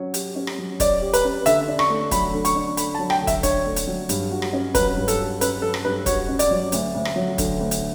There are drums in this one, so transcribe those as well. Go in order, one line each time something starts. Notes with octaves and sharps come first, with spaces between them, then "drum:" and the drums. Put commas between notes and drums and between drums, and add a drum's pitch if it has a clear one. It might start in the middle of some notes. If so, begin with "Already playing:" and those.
Already playing: F#3 C#4 C#5
G4, drum: hi-hat
C#4
drum: rim click
F#3
C#5 D5, drum: kick, hi-hat
G4
B4, drum: hi-hat
C#4
D3 E5, drum: hi-hat
D4
C#6, drum: rim click
A3
F#3 B5, drum: kick, hi-hat
D3
C#6, drum: hi-hat
D4
A3 B5, drum: hi-hat
A5
F#3
G5, drum: rim click
D3
E5, drum: kick, hi-hat
D4 C#5, drum: kick, hi-hat
A3
drum: hi-hat
F#3
G2, drum: hi-hat
F#4
drum: rim click
C#4
F#3 B4, drum: kick, hi-hat
G2
A4, drum: hi-hat
F#4
C#4 B4, drum: hi-hat
F#3 A4
drum: rim click
G2 B4
F#4 C#5, drum: kick, hi-hat
C#4
D5, drum: hi-hat
F#3
D2, drum: hi-hat
D2
drum: rim click
F#3
D3, drum: kick, hi-hat
D2
drum: hi-hat